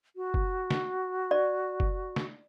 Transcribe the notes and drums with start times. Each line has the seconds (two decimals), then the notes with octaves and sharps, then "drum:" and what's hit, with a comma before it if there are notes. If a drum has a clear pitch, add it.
0.16 F#4
0.34 drum: kick
0.71 drum: snare
1.31 D5
1.80 drum: kick
2.16 drum: snare